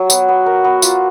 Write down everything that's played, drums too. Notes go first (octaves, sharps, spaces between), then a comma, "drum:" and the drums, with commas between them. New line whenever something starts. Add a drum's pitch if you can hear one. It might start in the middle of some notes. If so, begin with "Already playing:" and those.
Already playing: F#3
B3 F#4, drum: tambourine
B3
A#4
B3
F4, drum: tambourine